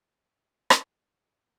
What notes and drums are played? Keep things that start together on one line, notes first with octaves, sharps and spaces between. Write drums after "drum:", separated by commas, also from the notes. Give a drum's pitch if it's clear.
C#3 A#3 B3 D5 D#5 F6 G6
drum: rim click